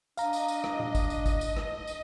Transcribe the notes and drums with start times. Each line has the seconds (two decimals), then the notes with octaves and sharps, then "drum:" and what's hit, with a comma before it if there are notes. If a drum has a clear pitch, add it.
0.17 D4 D#5 F5 A#5, drum: tambourine
0.33 drum: tambourine
0.48 drum: tambourine
0.64 drum: rim click
0.79 drum: tom A#2
0.95 drum: kick G#1, tambourine
1.10 drum: tambourine
1.26 drum: kick G#1, tambourine
1.41 drum: tambourine
1.57 drum: rim click
1.87 drum: tambourine